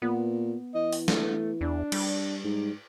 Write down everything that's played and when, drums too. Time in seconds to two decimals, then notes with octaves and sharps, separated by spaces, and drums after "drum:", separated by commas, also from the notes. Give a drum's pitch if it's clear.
0.02 A#2 B3
0.75 E3 D#5
0.93 drum: open hi-hat
1.08 A3, drum: snare
1.61 E2 D4
1.92 G3, drum: cymbal
2.44 G#2